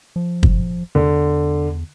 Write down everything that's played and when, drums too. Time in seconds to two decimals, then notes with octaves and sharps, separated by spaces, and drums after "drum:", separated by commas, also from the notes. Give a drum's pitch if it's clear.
0.16 F3
0.43 drum: kick
0.95 E2 D3